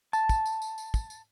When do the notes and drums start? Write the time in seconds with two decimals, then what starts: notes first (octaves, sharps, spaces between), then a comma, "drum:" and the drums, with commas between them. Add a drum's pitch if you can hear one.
0.13 A5, drum: tambourine
0.29 drum: kick, tambourine
0.46 drum: tambourine
0.62 drum: tambourine
0.78 drum: tambourine
0.94 drum: kick, tambourine
1.10 drum: tambourine